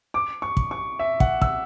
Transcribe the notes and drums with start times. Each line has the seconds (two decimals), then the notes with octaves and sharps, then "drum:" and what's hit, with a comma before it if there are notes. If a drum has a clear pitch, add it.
0.14 D6
0.42 C#6
0.57 drum: kick
0.71 C#6
0.99 E5
1.20 F#5, drum: kick
1.41 E6, drum: kick